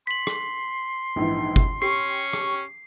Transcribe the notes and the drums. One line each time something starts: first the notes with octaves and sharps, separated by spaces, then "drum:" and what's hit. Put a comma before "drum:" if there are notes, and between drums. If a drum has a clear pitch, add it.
C6 B6 F#7
drum: rim click
A#1 G#2 E3
drum: kick G1
C#4 G4 C#6 C7
drum: rim click